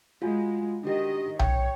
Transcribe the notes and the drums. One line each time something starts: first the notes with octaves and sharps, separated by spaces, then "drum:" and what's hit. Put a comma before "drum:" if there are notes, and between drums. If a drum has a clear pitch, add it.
G#3 F4 F#4 G#5
D#3 D4 F#4 G4 D#5
C#5 G5, drum: tom B1